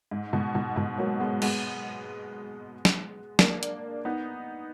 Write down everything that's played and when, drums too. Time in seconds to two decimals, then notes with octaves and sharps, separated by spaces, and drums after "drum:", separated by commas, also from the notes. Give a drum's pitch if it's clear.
0.11 G#2
0.33 G#2 B2
0.54 G#2 B2
0.76 G#2 B2
0.98 F#3 A#3
1.20 G#3 B3
1.42 G#3 B3, drum: cymbal
2.85 drum: snare
3.39 A#3 D4, drum: snare
3.63 drum: hi-hat
4.05 B3 D#4